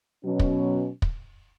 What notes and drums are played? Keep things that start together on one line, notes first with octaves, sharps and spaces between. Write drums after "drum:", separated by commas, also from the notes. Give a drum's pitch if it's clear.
B2 F#3 C#4
drum: kick
drum: kick